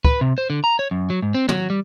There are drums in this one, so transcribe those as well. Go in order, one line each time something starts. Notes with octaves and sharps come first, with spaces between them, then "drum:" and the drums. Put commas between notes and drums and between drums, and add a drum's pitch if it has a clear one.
B4, drum: kick
C3
C5
D3
A#5
C#5
F#2
F#3
G#2
C4
F#3, drum: tom
G3